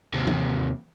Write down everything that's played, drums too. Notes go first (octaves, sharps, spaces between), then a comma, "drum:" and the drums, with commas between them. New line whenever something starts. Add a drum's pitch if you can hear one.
D#2 C3
drum: tom